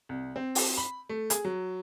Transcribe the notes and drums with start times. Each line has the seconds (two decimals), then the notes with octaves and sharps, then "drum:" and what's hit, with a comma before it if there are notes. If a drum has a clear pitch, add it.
0.09 C2
0.36 C4
0.55 drum: open hi-hat
0.77 B5
1.09 A3
1.30 G#4, drum: hi-hat
1.45 F#3